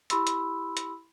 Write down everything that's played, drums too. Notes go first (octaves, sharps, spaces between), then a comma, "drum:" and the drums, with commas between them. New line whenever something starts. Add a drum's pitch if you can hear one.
E4 G4 B5 C6 E6, drum: hi-hat
drum: hi-hat
drum: hi-hat